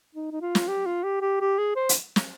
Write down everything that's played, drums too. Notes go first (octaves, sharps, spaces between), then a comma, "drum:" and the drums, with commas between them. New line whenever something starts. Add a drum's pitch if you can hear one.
D#4
D#4
F4
drum: snare
G4
F4
G4
G4
G4
G#4
C5
drum: hi-hat
drum: snare